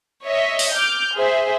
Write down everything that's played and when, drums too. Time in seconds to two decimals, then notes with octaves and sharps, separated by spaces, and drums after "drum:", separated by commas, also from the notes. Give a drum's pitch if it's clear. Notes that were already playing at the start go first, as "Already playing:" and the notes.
0.24 C#5 D#5 E5
0.59 drum: open hi-hat
0.73 D6 F6 G6
1.15 G#4 C5 E5